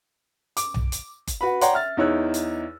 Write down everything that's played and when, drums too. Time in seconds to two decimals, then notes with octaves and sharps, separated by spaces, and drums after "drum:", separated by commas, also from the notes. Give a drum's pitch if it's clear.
0.57 D6, drum: hi-hat
0.74 drum: tom B1
0.92 drum: hi-hat
1.27 drum: kick F#1, hi-hat
1.41 F#4 B4 B5
1.61 C#5 D5 F#5 G5 A#5 C6, drum: hi-hat
1.73 E5 F6 A6
1.97 E2 D#4 E4 C#5 E6 F#6
2.34 drum: hi-hat